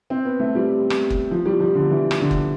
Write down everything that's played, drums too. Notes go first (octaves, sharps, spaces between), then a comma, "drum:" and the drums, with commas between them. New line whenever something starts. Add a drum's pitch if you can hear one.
C4
B3
A3
G3
drum: rim click
drum: kick F#1
F3
G3
F3
D3
E3
drum: rim click
D3
drum: kick F#1